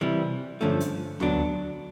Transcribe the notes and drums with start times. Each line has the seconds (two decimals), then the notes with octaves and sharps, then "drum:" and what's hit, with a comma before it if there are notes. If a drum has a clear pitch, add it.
0.01 C3 E3 G3
0.61 G2 D3 F3 A3 C#4
0.80 drum: hi-hat
1.20 D3 F#3 B3 D4, drum: tom D2